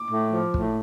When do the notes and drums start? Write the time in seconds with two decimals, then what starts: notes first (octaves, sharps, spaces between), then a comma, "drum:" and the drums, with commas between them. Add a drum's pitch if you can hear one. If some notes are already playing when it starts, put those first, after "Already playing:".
Already playing: D6
0.10 A2
0.33 F3
0.54 A2, drum: kick